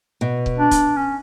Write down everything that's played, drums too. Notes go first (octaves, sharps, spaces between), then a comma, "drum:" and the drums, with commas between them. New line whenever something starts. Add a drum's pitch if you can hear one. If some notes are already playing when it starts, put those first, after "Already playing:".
B2
drum: kick
D4
drum: kick, hi-hat
C#4